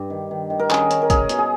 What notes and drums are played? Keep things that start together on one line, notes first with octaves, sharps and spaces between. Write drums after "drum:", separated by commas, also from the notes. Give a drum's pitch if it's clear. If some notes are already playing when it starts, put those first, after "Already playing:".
Already playing: G2 G4
D#3
D#3
D#3
A#4
C#4 G#4, drum: clap
C#4, drum: hi-hat
A#4
C#4 G#4, drum: kick, hi-hat
B2, drum: hi-hat
G#4